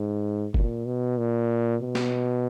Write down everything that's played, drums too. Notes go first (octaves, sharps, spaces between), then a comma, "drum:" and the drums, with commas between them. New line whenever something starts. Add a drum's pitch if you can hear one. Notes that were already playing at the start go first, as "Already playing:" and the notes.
Already playing: G#2
A#2, drum: kick
B2
A#2
B2
drum: snare